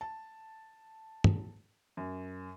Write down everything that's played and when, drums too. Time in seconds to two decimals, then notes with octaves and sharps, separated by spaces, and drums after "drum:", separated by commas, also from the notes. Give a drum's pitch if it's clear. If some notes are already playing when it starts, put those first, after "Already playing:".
0.01 A5
1.24 drum: tom
1.97 F#2